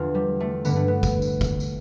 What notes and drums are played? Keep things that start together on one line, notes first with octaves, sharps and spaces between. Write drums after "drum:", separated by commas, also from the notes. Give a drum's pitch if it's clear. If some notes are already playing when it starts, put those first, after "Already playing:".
Already playing: E2 D3 F4
G3
A3
G2 D3 B3, drum: tambourine
A3
B3
drum: kick, tambourine
drum: tambourine
drum: kick, tambourine
drum: tambourine